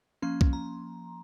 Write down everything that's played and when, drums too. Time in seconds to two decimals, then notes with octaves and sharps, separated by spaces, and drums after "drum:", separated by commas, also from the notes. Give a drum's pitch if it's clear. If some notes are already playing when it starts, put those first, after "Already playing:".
0.22 F3 A#3 C#4 C6
0.41 drum: kick C2
0.53 A#5